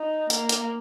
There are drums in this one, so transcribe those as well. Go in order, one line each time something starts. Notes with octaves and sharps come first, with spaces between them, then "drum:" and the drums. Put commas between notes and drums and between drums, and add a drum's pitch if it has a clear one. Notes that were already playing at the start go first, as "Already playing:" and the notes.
Already playing: D#4
A#3, drum: hi-hat
drum: hi-hat